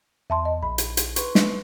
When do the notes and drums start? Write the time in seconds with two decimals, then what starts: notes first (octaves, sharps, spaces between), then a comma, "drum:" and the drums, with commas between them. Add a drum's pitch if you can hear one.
0.30 E2 E5 A5 C6
0.45 D#5
0.63 A#1 B5
0.78 drum: hi-hat
0.97 drum: hi-hat
1.16 B4 C6 C#6, drum: hi-hat
1.35 drum: snare